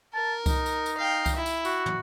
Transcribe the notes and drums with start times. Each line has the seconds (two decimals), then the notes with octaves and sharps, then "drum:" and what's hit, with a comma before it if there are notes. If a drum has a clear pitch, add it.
0.14 A#4 A5
0.46 D#4, drum: kick C2, tambourine
0.66 drum: tambourine
0.86 drum: tambourine
0.97 F5 G5
1.26 drum: kick C2, tambourine
1.35 E4
1.46 drum: tambourine
1.65 F#4, drum: tambourine
1.86 drum: tom